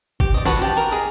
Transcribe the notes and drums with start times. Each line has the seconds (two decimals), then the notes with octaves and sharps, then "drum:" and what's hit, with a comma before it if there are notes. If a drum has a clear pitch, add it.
0.20 G4, drum: kick G1
0.34 D5 D#5
0.45 F#4 B4 F#5 A5, drum: snare
0.62 G4 A5
0.77 A#4
0.91 G#4 D#5